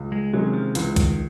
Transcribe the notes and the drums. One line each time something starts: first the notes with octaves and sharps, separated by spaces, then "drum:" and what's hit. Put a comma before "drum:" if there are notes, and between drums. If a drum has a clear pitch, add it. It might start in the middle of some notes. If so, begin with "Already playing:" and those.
Already playing: C#2
G#3
C3 D#3 F#3 G#3 C#4
F3
C#2 E3, drum: hi-hat
D#3, drum: kick C2, hi-hat